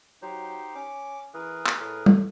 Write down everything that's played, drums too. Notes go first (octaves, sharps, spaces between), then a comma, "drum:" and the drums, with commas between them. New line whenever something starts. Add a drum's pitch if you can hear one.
F#3 D#4 G4 C5
C#4 D6
E3 G#4 A#4 B4
drum: clap
A2
drum: tom